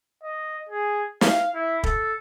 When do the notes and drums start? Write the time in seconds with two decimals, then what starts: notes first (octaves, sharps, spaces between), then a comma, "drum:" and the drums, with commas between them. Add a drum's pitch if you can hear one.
0.23 D#5
0.69 G#4
1.21 F5, drum: snare
1.54 E4
1.84 A4, drum: kick